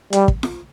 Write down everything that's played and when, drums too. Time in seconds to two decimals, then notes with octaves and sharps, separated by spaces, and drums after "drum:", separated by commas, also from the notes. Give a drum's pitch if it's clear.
0.13 G3, drum: hi-hat
0.28 drum: kick
0.43 drum: snare F4